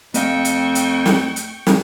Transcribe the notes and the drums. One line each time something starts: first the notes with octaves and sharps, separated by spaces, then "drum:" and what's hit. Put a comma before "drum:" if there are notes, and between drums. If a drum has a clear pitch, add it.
F2 A3 D#5 F5 G5 C#6, drum: hi-hat
drum: hi-hat
drum: hi-hat
drum: snare
drum: hi-hat
drum: snare